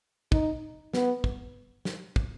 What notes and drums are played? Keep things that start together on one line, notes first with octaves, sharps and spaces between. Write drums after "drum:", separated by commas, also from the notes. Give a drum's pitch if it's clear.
D#4, drum: kick
B3, drum: snare
drum: kick
drum: snare
drum: kick